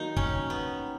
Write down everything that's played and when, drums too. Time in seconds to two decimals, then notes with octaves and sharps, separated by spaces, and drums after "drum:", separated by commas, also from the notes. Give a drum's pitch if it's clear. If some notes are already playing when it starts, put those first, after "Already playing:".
Already playing: D#3 F#3 A#3 D#4 F4
0.17 C#4, drum: kick
0.50 B3